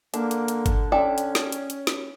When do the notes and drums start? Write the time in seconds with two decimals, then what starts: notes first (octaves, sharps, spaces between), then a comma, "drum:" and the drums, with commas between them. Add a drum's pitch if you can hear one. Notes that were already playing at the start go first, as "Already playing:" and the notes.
0.14 D3 A#3 D4, drum: hi-hat
0.31 drum: hi-hat
0.48 drum: hi-hat
0.66 drum: kick G1, hi-hat
0.92 C#4 D5 E5 G5 A5
1.18 drum: hi-hat
1.35 drum: snare
1.52 drum: hi-hat
1.70 drum: hi-hat
1.87 drum: snare